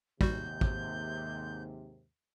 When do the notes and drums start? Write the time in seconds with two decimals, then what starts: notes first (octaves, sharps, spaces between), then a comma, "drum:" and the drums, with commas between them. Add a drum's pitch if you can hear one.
0.21 D#2 G#2 C3 G3 F#4 G6, drum: kick
0.61 drum: kick